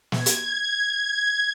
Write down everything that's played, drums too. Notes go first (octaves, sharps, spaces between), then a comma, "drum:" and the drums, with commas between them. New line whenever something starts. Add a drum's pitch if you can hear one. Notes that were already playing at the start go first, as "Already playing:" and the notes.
G#6, drum: snare
drum: hi-hat